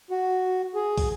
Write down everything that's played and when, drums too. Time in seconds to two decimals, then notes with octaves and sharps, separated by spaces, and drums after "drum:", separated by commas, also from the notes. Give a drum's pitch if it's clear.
0.11 F#4
0.75 G#4
0.98 drum: kick, open hi-hat